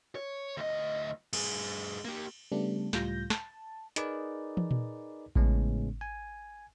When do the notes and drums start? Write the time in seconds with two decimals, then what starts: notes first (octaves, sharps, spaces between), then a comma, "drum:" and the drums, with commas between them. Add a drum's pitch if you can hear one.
0.15 C#5
0.57 D2 D#5
1.33 G2 G#4, drum: cymbal
2.05 A#3 G4
2.52 C#3 G3 A3 B3 D4
2.93 C#2 A2 G3 F4 G6 A#6, drum: snare
3.30 A5, drum: snare
3.96 D#4 G#4 A#4 B4 D5, drum: hi-hat
4.57 drum: tom
4.71 drum: tom A#2
5.35 A2 C#3 G#3 B3 C#4, drum: kick A1
6.01 G#5